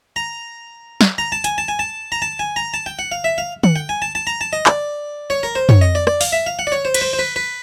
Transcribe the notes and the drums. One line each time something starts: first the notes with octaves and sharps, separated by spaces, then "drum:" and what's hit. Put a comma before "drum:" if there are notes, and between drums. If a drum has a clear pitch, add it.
A#5
drum: snare
A#5
A5
G#5, drum: hi-hat
A5
G#5
A5
A#5
A5
G#5
A#5
A5
G5
F#5
F5
E5
F5
F#5, drum: tom
G5
G#5
A5
A5
A#5
A5
D#5
D5, drum: clap
C#5
A#4
C5
C#5, drum: tom
D#5
D5
D5, drum: rim click
F5, drum: open hi-hat
E5
F5
F#5
D5
C#5
C5
B4, drum: cymbal
C5
C5
B4
B4